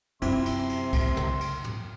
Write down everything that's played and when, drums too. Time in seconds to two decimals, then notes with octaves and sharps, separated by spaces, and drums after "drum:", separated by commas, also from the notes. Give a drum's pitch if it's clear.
0.22 F#2 C3 C4 E4 F4 E5 C6, drum: cymbal
0.46 drum: cymbal
0.69 drum: cymbal
0.93 drum: kick C2, cymbal
1.17 drum: tom
1.41 drum: cymbal
1.64 drum: tom